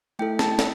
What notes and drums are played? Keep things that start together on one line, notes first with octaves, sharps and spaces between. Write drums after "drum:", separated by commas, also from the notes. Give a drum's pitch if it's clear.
A3 E4 A4 G5
A5, drum: snare
A4, drum: snare